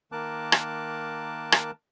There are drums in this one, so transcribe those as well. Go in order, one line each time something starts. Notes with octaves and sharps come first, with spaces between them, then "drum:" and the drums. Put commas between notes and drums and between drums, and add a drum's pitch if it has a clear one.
D#3 A#3 A#4 A5 D6 F#6
drum: rim click
drum: rim click